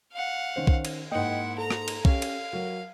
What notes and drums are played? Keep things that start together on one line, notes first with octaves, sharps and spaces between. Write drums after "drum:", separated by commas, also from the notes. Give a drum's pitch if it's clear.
F5 F#5
D#3 C#4 C5
drum: kick B1
drum: cymbal
G#2 A#3 E4 D#5 F#5 G5
A4 A#5
drum: rim click
drum: cymbal
C#4 G4 F5, drum: kick B1
drum: cymbal
F#3 A#4